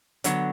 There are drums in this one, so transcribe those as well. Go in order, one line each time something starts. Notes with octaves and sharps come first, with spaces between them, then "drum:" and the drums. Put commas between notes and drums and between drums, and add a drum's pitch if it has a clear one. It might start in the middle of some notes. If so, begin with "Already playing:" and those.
D3 F#3 B3, drum: hi-hat